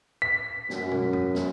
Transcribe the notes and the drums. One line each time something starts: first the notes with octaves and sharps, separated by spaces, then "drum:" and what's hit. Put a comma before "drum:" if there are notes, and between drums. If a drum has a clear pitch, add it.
B6
F#2, drum: snare
drum: tom
drum: tom G2
drum: snare